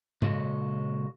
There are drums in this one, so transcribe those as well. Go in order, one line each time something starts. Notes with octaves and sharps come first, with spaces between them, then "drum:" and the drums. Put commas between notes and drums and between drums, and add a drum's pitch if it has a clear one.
A#2 C#3 G#3 F#4 A4 D#5, drum: tom G#2